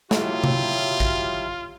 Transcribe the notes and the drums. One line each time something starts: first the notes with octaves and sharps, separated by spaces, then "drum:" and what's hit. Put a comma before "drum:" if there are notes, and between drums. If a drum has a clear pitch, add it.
F#3 E4 F4 G4, drum: snare
drum: tom C3
drum: kick